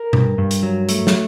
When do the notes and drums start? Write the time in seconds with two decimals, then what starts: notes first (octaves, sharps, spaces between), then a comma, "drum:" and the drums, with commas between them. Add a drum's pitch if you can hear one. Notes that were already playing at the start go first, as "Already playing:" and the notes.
Already playing: A#4
0.13 G2, drum: tom B2
0.38 G2
0.51 drum: hi-hat
0.63 F#3
0.89 A3, drum: hi-hat
1.07 drum: snare